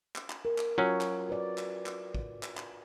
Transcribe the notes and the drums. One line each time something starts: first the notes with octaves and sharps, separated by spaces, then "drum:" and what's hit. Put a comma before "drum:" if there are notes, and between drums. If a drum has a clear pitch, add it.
drum: clap
drum: clap
A#4
drum: clap
F#3 C#4 F4 F#4
drum: clap
B4 D5
drum: clap
drum: clap
drum: kick
drum: clap
drum: clap